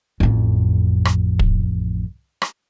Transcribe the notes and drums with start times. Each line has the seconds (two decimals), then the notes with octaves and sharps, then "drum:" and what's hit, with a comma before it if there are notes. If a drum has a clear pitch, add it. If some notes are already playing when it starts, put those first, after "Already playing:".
0.20 A1 F2
1.05 drum: rim click
1.39 drum: kick
2.42 drum: rim click